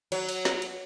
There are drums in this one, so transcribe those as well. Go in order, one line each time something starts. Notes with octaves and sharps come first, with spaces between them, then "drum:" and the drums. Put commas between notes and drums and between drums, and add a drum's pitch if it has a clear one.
F#3, drum: cymbal
drum: cymbal
drum: snare
drum: cymbal